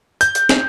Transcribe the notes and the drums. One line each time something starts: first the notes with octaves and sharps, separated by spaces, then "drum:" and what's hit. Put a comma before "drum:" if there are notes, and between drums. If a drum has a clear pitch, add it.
G6, drum: hi-hat
drum: hi-hat
drum: snare